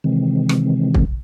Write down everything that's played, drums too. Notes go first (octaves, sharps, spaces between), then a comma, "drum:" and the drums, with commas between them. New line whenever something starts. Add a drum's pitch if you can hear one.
C3 D#3 E3 G#3 C4
drum: rim click
drum: kick